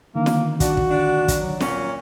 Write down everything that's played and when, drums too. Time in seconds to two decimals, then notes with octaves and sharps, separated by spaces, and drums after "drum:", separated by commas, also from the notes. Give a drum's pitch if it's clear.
0.16 D3 D#3 A#3
0.26 drum: snare
0.60 D4 F#4, drum: kick, hi-hat
0.77 drum: kick
0.89 A#2 D4
1.28 drum: kick, hi-hat
1.40 F#3
1.60 A#2 C#4, drum: snare